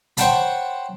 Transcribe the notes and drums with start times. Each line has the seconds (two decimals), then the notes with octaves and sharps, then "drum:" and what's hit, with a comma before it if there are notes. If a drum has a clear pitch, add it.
0.17 C5 C#5 F#5 G5 A5 B5, drum: hi-hat